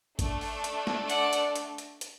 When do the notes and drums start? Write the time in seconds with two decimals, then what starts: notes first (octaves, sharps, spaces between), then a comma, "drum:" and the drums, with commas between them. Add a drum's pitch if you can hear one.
0.19 A3 D4 A4, drum: kick G#1, hi-hat
0.41 drum: open hi-hat
0.64 drum: hi-hat
0.87 drum: snare
1.10 D5 F#5, drum: hi-hat
1.33 drum: hi-hat
1.56 drum: hi-hat
1.78 drum: hi-hat
2.01 drum: hi-hat